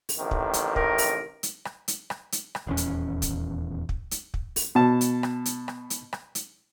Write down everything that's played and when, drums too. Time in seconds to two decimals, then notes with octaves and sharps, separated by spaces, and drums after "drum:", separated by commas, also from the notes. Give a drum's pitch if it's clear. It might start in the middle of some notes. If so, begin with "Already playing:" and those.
0.09 drum: open hi-hat
0.20 A1 C3 D#3
0.31 drum: kick
0.53 drum: hi-hat
0.76 A#4, drum: kick
0.98 drum: open hi-hat
1.43 drum: hi-hat
1.65 drum: rim click
1.88 drum: hi-hat
2.10 drum: rim click
2.32 drum: hi-hat
2.55 drum: rim click
2.67 D#1 E2 C#4
2.77 drum: hi-hat
3.22 drum: kick, hi-hat
3.89 drum: kick
4.11 drum: hi-hat
4.34 drum: kick
4.56 drum: open hi-hat
4.75 B2 A5
5.01 drum: hi-hat
5.23 drum: rim click
5.46 drum: hi-hat
5.68 drum: rim click
5.90 drum: hi-hat
6.13 drum: rim click
6.35 drum: hi-hat